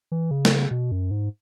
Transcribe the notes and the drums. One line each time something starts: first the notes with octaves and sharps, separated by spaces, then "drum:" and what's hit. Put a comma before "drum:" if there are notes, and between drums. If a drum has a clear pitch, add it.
E3
C#3
drum: snare
B2
F#2
G#2